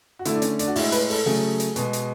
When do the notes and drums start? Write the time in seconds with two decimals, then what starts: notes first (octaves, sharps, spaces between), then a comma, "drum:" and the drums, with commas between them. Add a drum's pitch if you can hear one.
0.19 F#4
0.25 D3 A3 E4, drum: hi-hat
0.35 D4
0.42 C#4, drum: hi-hat
0.59 D4, drum: hi-hat
0.67 F#4
0.76 A2 G#3 E4, drum: open hi-hat
0.92 B4, drum: hi-hat
1.10 A4, drum: open hi-hat
1.26 C#3 F#3 A3 G#4
1.60 drum: hi-hat
1.76 B2 G#3, drum: hi-hat
1.93 drum: hi-hat